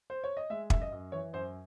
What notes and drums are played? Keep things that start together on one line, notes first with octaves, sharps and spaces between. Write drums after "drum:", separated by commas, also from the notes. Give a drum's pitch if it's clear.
C5
C#5
D#5
G#3 E5
F#2 E5, drum: kick
D#5
F#2
E3 C#5
F#2 C5